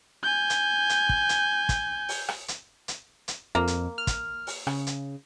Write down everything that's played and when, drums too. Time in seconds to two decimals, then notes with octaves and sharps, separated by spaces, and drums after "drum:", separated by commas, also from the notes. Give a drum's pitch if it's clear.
0.23 G#5 G6
0.50 drum: hi-hat
0.89 drum: hi-hat
1.09 drum: kick
1.29 drum: hi-hat
1.69 drum: kick, hi-hat
2.09 drum: open hi-hat
2.28 drum: rim click
2.48 drum: hi-hat
2.88 drum: hi-hat
3.28 drum: hi-hat
3.55 F2 A#3
3.67 drum: hi-hat
3.98 F6
4.07 drum: kick, hi-hat
4.47 drum: open hi-hat
4.67 C#3, drum: rim click
4.87 drum: hi-hat